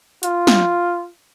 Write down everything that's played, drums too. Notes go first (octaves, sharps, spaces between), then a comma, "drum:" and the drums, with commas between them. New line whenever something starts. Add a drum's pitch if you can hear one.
F4, drum: hi-hat
drum: snare